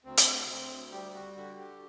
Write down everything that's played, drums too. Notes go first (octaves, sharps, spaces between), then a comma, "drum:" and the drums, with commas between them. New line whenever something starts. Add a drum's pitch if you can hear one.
D2 C4
drum: hi-hat
D2 C4
G3 G4
F#4
D3 F#4
G4